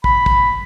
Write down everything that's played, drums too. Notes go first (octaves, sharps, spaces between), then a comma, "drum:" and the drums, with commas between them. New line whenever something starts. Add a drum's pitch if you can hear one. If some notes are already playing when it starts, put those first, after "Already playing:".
B5, drum: kick
drum: kick